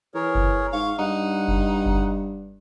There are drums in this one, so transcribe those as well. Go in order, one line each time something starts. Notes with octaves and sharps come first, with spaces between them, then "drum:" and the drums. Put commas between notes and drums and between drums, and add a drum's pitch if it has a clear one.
E3 G#4 A#4 C#5
drum: kick F#1
G#2 F5 C#6
G2 D#4 F#5
drum: kick F#1
drum: kick F#1